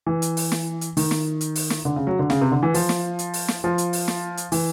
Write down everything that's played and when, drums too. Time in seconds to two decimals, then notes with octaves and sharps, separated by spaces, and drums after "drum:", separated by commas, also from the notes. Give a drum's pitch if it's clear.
0.06 E3
0.22 drum: hi-hat
0.37 drum: open hi-hat
0.52 drum: snare
0.81 drum: hi-hat
0.97 D#3, drum: open hi-hat
1.11 drum: snare
1.41 drum: hi-hat
1.55 drum: open hi-hat
1.70 drum: snare
1.85 D3
1.96 C#3
2.07 F#3
2.19 D3
2.30 C#3, drum: snare
2.41 C3
2.52 D3
2.63 E3
2.74 F3, drum: open hi-hat
2.89 drum: snare
3.19 drum: hi-hat
3.34 drum: open hi-hat
3.48 drum: snare
3.64 F3
3.78 drum: hi-hat
3.93 drum: open hi-hat
4.08 drum: snare
4.37 drum: hi-hat
4.52 E3, drum: open hi-hat